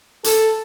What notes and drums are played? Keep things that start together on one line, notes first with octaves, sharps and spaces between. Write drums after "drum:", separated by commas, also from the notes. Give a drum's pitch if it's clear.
A4, drum: hi-hat